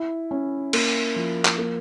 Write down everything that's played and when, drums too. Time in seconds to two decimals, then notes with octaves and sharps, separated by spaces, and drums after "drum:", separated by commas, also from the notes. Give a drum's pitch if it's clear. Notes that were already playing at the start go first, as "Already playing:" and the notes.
Already playing: E4
0.31 C#4
0.73 A#3, drum: cymbal
1.16 F3
1.45 drum: clap
1.58 A#3